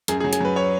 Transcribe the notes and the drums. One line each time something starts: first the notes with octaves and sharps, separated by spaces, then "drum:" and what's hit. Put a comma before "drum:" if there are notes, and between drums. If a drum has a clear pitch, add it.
F#2 G#4, drum: hi-hat
G#4
F#3
G#4, drum: hi-hat
F#3 B4
C#5